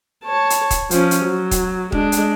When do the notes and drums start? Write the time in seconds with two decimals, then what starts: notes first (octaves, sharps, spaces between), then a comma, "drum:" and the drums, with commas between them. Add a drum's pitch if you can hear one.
0.24 C#5 A5
0.50 drum: hi-hat
0.70 drum: kick, hi-hat
0.91 F3 C#4, drum: hi-hat
1.11 drum: hi-hat
1.25 F#3
1.51 drum: kick, hi-hat
1.92 G#3 D4, drum: kick
2.12 drum: hi-hat